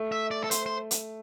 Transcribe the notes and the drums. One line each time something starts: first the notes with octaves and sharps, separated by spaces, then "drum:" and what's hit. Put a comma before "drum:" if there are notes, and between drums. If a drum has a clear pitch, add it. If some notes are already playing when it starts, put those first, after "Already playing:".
Already playing: A3
E5
D5
A4
C5, drum: hi-hat
C5
drum: hi-hat